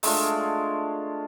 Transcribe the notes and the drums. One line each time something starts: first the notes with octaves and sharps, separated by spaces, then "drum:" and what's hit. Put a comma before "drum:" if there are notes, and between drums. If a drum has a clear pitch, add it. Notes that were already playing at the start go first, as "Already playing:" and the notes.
G#3 A3 D4 F4, drum: open hi-hat